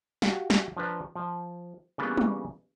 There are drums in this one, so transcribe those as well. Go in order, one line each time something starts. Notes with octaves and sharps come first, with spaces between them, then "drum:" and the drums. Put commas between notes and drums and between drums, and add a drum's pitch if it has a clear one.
F#4 G4 F5, drum: snare
drum: snare
F3 D4 B4 A#5
F3
C#3 E3 G3 A#3 B3 D4
drum: tom G3